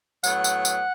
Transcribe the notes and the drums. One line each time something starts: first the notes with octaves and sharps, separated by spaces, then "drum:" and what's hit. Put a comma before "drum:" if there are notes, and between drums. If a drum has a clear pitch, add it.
A2 F#3 B3 F#5, drum: tambourine
drum: tambourine
drum: tambourine